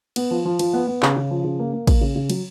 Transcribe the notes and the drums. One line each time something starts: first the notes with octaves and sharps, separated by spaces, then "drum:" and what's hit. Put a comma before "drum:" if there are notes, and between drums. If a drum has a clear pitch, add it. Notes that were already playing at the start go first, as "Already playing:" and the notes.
B3, drum: cymbal
F3
F3
F3, drum: cymbal
B3
B3
C#3, drum: clap
C#3
F3
C#3
A#3
A#3
A#3, drum: kick A1, cymbal
C#3
C#3
F#3, drum: cymbal